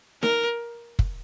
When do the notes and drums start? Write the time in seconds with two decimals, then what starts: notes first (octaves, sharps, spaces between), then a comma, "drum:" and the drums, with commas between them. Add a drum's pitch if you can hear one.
0.23 A#4, drum: snare D#4
0.99 drum: kick